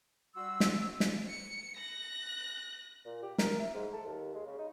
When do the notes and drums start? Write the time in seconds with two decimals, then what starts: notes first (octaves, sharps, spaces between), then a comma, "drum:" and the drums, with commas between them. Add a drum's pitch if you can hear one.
0.36 G3 F#4 C6 E6
0.60 drum: snare
1.00 drum: snare
1.29 C#7
1.77 F#6 A#6
3.05 A#2
3.23 G4
3.38 A#4, drum: snare
3.60 E4
3.74 G#2
3.93 A4
4.05 D#2
4.34 G#3
4.46 C#3
4.59 D#4